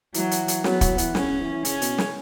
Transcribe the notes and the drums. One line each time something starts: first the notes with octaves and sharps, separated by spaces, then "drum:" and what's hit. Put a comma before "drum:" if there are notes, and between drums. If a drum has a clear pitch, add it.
E3 F#3, drum: hi-hat
drum: hi-hat
drum: hi-hat
F#3 B3, drum: snare
F#3, drum: kick, hi-hat
E3, drum: hi-hat
C#3 C#4, drum: snare
C#3
E3
E3
C#3 C#4, drum: hi-hat
B2, drum: hi-hat
C#3, drum: snare